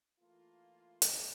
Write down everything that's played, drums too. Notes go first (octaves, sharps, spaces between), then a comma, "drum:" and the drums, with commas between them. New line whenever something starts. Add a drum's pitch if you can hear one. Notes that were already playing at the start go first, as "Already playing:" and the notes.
E3 A3 A#3 F4
drum: hi-hat